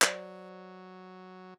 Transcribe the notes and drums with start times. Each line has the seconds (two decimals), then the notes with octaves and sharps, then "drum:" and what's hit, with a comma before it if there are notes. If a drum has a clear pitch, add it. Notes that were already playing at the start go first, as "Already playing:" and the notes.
0.02 F#3 C5 D5, drum: clap